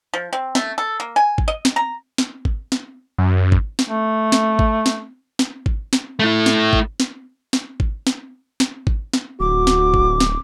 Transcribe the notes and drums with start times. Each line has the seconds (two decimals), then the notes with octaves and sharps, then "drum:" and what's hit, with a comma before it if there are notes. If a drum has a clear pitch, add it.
0.14 F3
0.33 C4
0.55 A3, drum: snare
0.78 A4
1.00 A#3
1.16 G#5
1.38 drum: kick G#1
1.48 D#5
1.65 drum: snare
1.76 A#5
2.18 drum: snare
2.45 drum: kick G#1
2.72 drum: snare
3.18 F#2
3.52 drum: kick G#1
3.79 drum: snare
3.90 A3
4.32 drum: snare
4.59 drum: kick G#1
4.86 drum: snare
5.39 drum: snare
5.66 drum: kick G#1
5.93 drum: snare
6.19 A3 E4
6.46 drum: snare
6.73 drum: kick G#1
7.00 drum: snare
7.53 drum: snare
7.80 drum: kick G#1
8.07 drum: snare
8.60 drum: snare
8.87 drum: kick G#1
9.14 drum: snare
9.40 D1 F#4 D6
9.67 drum: snare
9.94 drum: kick G#1
10.20 drum: snare